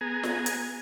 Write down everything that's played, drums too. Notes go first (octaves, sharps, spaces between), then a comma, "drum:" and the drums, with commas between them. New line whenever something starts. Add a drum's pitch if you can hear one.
B3 G#4 G#5 A#5
drum: snare F4
drum: hi-hat